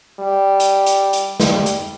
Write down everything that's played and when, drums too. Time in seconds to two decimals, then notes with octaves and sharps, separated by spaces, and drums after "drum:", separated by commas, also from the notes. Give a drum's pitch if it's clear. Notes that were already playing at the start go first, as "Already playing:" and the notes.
0.20 G3
0.60 drum: hi-hat
0.86 drum: hi-hat
1.13 drum: hi-hat
1.40 G3, drum: snare
1.66 drum: hi-hat